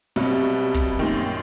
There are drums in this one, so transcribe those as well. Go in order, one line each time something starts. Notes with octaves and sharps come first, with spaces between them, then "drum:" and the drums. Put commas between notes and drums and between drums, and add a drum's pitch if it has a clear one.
B2 F#3 G3 C4 G4 E5
drum: kick
F#2 A#2 D#3